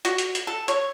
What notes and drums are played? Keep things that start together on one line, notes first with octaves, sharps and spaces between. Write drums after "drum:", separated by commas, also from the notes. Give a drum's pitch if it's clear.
F#4, drum: hi-hat
drum: hi-hat
drum: hi-hat
A4
C#5, drum: hi-hat